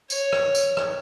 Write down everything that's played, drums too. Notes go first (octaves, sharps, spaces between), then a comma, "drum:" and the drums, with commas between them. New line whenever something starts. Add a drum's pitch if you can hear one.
C#5, drum: tambourine
drum: rim click
drum: tambourine
drum: rim click